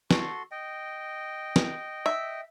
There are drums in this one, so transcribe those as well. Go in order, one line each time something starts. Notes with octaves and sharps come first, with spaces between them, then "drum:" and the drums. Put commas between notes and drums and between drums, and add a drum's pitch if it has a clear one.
F#4 A4 C6, drum: snare
D#5 G5
drum: snare
E5